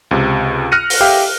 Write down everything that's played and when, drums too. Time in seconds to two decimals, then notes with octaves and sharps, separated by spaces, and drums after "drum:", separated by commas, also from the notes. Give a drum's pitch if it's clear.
0.11 C#2 C3
0.72 F6 F#6 A#6 C#7 D#7
0.90 drum: open hi-hat
1.01 G4 E5 F5 G5